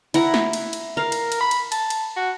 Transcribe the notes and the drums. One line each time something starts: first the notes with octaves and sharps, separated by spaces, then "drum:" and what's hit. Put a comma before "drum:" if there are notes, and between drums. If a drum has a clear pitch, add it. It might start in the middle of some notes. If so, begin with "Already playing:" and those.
E4 F#5 A#5, drum: cymbal
drum: snare
drum: cymbal
drum: cymbal
A#4 F5
drum: cymbal
drum: cymbal
B5
drum: cymbal
A5, drum: cymbal
drum: cymbal
F#4